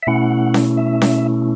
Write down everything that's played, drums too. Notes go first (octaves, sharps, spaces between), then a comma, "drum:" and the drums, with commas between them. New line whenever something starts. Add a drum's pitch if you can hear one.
E5
B2 A3 C#4 E4 F#5
drum: snare C#4
E5
drum: snare C#4